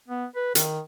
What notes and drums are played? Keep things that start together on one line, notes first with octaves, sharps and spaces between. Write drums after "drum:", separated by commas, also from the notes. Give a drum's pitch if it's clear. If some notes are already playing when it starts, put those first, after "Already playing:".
B3
B4
D#3, drum: hi-hat